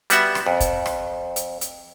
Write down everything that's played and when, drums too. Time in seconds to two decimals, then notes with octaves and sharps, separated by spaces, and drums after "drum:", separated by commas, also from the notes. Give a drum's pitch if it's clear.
0.10 G3 B3 F#4 E5, drum: hi-hat
0.35 drum: rim click
0.47 F2
0.60 drum: kick, hi-hat
0.86 drum: rim click
1.36 drum: hi-hat
1.61 drum: hi-hat